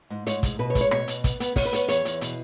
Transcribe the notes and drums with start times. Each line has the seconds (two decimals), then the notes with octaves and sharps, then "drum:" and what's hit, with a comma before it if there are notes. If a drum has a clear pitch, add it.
0.10 G#2
0.26 G#2 C#5, drum: hi-hat
0.43 G#2, drum: kick, hi-hat
0.59 B2 B4
0.70 C#5
0.75 G#3, drum: kick, hi-hat
0.81 C#5
0.91 B2 C#5, drum: rim click
1.08 B2, drum: hi-hat
1.24 B3, drum: kick, hi-hat
1.40 B3, drum: hi-hat
1.56 B3 C#5, drum: kick, open hi-hat
1.65 B4
1.73 B3 C#5, drum: hi-hat
1.89 E2 C#5, drum: hi-hat
2.05 E2, drum: hi-hat
2.21 B2, drum: hi-hat